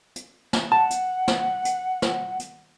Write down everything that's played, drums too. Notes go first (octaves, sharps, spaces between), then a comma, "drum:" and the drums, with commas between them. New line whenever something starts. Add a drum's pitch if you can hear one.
drum: hi-hat
drum: snare
F#5 A5
drum: hi-hat
drum: snare
drum: hi-hat
drum: snare
drum: hi-hat